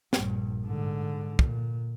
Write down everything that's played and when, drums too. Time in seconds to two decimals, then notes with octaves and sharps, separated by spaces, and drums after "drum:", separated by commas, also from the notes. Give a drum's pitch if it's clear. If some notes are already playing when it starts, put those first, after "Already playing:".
0.13 A#1 G2, drum: snare
0.65 G#2 D3
1.39 A#2, drum: kick